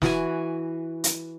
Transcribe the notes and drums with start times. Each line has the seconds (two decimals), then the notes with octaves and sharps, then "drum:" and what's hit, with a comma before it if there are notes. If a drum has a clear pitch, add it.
0.02 E3 F#4 G#5, drum: snare
1.04 drum: hi-hat